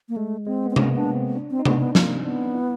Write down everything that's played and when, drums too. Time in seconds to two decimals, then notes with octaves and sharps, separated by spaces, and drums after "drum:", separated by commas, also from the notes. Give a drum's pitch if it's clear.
0.09 A#3
0.16 G#3 A3
0.46 G#3 C4
0.66 B3 C4
0.76 A#3 C#4, drum: tom C3
0.96 B3 D4
1.16 C4
1.36 D4
1.51 C4
1.59 D#4
1.65 B3 D4, drum: tom C3
1.80 B3
1.95 A#3 C4, drum: snare
2.25 B3 D4
2.55 E4